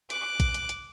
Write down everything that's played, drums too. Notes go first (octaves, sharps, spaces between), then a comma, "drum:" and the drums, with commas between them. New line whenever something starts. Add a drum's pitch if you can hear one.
D6 F#6, drum: hi-hat
drum: kick, hi-hat
drum: hi-hat
drum: hi-hat